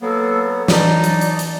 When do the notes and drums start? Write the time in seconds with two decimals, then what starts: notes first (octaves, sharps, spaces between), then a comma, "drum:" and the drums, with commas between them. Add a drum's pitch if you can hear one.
0.01 F#3 A#3 B3 A4
0.68 E3 F#3 D#4 D5 A5, drum: snare
1.04 drum: hi-hat
1.21 drum: hi-hat
1.39 drum: hi-hat